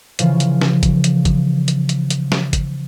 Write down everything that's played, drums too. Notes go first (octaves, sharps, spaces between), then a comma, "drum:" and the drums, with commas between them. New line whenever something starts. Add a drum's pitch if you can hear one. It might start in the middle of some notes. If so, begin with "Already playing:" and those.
C#3 E3 F3, drum: hi-hat
drum: hi-hat
drum: snare
drum: kick G1, hi-hat
drum: hi-hat
drum: kick G1, hi-hat
drum: hi-hat
drum: hi-hat
drum: hi-hat
drum: snare
drum: kick G1, hi-hat